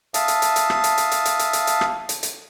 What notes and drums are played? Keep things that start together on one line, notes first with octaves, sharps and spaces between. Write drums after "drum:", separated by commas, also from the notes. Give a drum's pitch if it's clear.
E5 F5 A5 D#6, drum: hi-hat
drum: hi-hat
drum: hi-hat
drum: hi-hat
drum: rim click
drum: hi-hat
drum: hi-hat
drum: hi-hat
drum: hi-hat
drum: hi-hat
drum: hi-hat
drum: hi-hat
drum: rim click
drum: hi-hat
drum: hi-hat